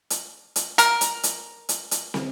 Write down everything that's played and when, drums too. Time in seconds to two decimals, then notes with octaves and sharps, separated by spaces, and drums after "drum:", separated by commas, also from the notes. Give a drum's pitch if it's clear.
0.10 drum: hi-hat
0.56 drum: hi-hat
0.78 A#4, drum: hi-hat
1.01 drum: hi-hat
1.23 drum: hi-hat
1.69 drum: hi-hat
1.91 drum: hi-hat
2.14 drum: snare